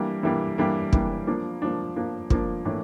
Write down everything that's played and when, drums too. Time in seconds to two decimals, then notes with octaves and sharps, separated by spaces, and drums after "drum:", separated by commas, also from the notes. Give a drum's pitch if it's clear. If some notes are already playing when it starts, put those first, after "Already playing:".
Already playing: E3 G3 A#3 D4
0.23 E3 G3 A#3 D4
0.58 E3 G3 A#3 D4
0.93 E3 G3 A#3 D4, drum: kick
1.27 F3 A#3 D4
1.62 F3 A#3 D4
1.96 F3 A#3 D4
2.30 F3 A#3 D4, drum: kick
2.65 A2 E3 A#3 D4